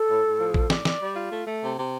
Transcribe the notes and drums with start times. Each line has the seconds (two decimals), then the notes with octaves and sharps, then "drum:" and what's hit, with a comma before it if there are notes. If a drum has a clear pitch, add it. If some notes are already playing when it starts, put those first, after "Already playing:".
Already playing: A4
0.09 A2
0.23 A2
0.39 F3
0.54 A2, drum: kick
0.70 D5, drum: snare
0.85 D5, drum: snare
1.00 G3
1.16 F4
1.31 A3
1.46 A3
1.62 C3
1.78 C3